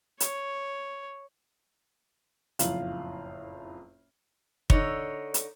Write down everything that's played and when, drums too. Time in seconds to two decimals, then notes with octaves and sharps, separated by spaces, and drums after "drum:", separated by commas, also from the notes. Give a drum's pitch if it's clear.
0.20 C#5, drum: hi-hat
2.59 F#1 F2 A2 F4 F5 F#7, drum: hi-hat
4.70 D3 D#4 C#5, drum: kick
5.34 drum: hi-hat